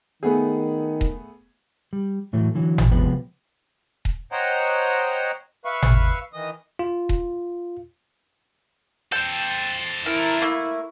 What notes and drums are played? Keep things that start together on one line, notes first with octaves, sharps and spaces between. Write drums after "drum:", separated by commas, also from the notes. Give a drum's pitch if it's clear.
D#3 A3 B3 G#4
drum: kick D#1
G3
A2 E3 F#3 A3
D3 E3 F#3
drum: tom G#1
C3 F3 G#3 B3 B4
drum: kick D#1
C5 C#5 D#5 F#5 G5 A#5
B4 E5 F5 B5 C#6
drum: tom G#1
D#3 E3 D#5 D#6
F4
drum: kick D#1
A4 C5 G5
E4 A#4
A3 A#3